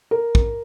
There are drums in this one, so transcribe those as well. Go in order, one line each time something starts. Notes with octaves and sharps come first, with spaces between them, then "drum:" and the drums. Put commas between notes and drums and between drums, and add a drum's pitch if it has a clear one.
A#4
drum: kick